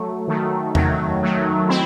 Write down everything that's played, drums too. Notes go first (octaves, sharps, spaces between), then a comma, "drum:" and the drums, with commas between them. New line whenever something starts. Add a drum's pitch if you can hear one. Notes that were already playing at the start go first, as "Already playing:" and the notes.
Already playing: F#3 A3
D#3 F#3 A3
D#3 F#3 A3, drum: tom E2
D#3 F#3 A3
C4 E4